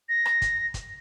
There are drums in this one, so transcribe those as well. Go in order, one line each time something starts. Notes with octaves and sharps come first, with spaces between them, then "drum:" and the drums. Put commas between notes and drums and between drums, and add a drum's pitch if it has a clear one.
A#6
drum: rim click
drum: kick, hi-hat
drum: kick, hi-hat